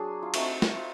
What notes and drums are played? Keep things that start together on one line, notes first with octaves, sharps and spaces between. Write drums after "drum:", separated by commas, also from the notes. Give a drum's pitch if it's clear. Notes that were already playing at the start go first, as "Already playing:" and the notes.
Already playing: F#3 D4 G#4
F4
A3 C4 D#4 F#4, drum: cymbal
drum: snare
F4